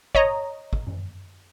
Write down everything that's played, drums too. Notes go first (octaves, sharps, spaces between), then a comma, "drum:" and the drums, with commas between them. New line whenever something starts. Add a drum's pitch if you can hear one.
C#5 D#5 A#5, drum: kick
drum: kick
drum: tom F#2